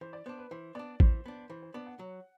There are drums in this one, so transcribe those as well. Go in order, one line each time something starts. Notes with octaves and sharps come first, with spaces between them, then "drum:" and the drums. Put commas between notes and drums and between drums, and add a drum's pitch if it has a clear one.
E3 C5
D5
B3 D4 C5
B4
E3 C5
B3 D4 D5
E3 C5, drum: kick A1
B3 D4
E3 C5
C5
B3 D4 D5
F#5
F#3